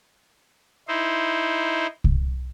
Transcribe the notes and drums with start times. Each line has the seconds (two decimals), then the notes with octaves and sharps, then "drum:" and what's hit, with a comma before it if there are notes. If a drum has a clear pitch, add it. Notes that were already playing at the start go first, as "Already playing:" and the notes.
0.88 D#4 E4 C5
2.04 drum: kick C2